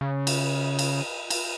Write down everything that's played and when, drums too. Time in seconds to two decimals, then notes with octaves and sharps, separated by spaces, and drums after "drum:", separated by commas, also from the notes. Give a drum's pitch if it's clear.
0.01 C#3
0.27 drum: cymbal
0.79 drum: cymbal
1.30 drum: cymbal